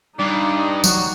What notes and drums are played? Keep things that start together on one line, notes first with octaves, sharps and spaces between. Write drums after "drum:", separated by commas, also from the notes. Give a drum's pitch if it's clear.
G2 D#4 D5
F#3 F#4, drum: tambourine